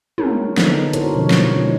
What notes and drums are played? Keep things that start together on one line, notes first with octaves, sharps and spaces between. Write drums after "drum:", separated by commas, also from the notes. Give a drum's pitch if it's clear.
D4 G#4 A#4 C#5, drum: tom
D3 B3 D4 D#4 A4, drum: snare
E4 F#4 A#4 C5 C#5, drum: hi-hat
B2 D3 F3 G3 C#4 C#5
drum: snare
E3 G#3 D#4 F#4